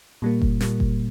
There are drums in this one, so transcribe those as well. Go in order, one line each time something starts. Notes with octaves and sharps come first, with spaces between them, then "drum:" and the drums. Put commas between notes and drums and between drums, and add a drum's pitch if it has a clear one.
A#2 G3 A#3
drum: kick F#1
A#2 G3 A#3, drum: snare
drum: kick F#1